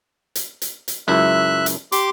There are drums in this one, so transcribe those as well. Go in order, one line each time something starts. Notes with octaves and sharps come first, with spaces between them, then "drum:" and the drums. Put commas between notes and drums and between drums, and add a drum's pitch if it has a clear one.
drum: hi-hat
drum: hi-hat
drum: hi-hat
C#2 F#2 E4 E5 F#6
drum: hi-hat
G4 C6 D6, drum: hi-hat